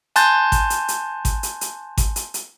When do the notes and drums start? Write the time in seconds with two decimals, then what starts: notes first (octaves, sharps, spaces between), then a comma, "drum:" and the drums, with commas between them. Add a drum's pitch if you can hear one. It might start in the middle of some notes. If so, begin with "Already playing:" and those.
0.16 G#5 A5 C6 F#6 G6 A6, drum: hi-hat
0.52 drum: kick G#1, hi-hat
0.70 drum: hi-hat
0.88 drum: hi-hat
1.25 drum: kick G#1, hi-hat
1.43 drum: hi-hat
1.61 drum: hi-hat
1.98 drum: kick G#1, hi-hat
2.16 drum: hi-hat
2.34 drum: hi-hat